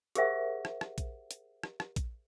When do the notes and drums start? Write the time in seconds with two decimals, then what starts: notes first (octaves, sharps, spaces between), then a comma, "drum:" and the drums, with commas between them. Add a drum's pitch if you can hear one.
0.15 G4 G#4 A#4 C5 E5 F#5, drum: hi-hat
0.65 drum: rim click
0.81 drum: rim click
0.98 drum: kick A#1, hi-hat
1.31 drum: hi-hat
1.63 drum: rim click
1.80 drum: rim click
1.96 drum: kick A#1, hi-hat